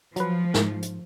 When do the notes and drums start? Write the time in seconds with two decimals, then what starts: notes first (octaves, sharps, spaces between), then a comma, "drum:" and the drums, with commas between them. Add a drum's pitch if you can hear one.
0.16 F3 F#3 B4, drum: hi-hat
0.54 G#2, drum: snare
0.82 drum: hi-hat